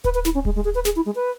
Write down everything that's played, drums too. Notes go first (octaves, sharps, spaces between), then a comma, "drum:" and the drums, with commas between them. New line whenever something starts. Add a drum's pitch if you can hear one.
B4, drum: kick D1
B4
E4, drum: snare
C#4
G#3, drum: kick D1
G#3
G#4
B4
G#4, drum: snare
E4
G#3
B4